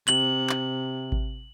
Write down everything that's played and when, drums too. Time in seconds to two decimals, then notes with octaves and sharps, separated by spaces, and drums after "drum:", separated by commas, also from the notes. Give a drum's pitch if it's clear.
0.08 C3 F#7, drum: clap
0.49 drum: clap
1.12 drum: kick G#1